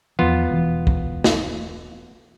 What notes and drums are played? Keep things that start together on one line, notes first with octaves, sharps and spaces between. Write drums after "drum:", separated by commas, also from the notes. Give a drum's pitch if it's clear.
E2 F3 B3 F4
E1 E3
drum: kick
drum: snare